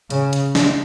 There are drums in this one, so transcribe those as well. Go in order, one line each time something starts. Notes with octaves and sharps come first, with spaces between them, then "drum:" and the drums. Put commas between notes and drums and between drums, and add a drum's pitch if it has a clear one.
C#3, drum: hi-hat
drum: hi-hat
drum: snare